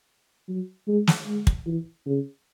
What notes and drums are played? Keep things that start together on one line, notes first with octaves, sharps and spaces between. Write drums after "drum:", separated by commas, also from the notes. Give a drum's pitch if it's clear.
F#3
G#3
drum: snare
G#3
drum: kick
E3
C#3